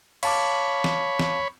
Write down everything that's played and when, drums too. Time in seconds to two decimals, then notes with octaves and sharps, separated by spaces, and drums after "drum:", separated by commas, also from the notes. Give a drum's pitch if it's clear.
0.23 C#5 F5 A5 B5 D6, drum: cymbal
0.84 drum: snare
1.19 drum: snare